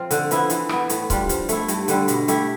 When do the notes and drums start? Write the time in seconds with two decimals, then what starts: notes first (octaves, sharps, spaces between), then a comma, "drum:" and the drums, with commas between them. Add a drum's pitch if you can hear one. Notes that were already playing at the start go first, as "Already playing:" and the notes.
Already playing: F3 C4 F4
0.11 D3, drum: hi-hat
0.31 F3 B3 E4, drum: hi-hat
0.50 E3, drum: hi-hat
0.69 B3 E4, drum: rim click
0.89 A2, drum: hi-hat
1.10 G3 D4 F4, drum: kick C#1, hi-hat
1.29 F3, drum: hi-hat
1.49 A3 E4, drum: hi-hat
1.68 G2, drum: hi-hat
1.88 D3 G3, drum: hi-hat
2.08 B2, drum: hi-hat
2.28 A3 E4 G4, drum: hi-hat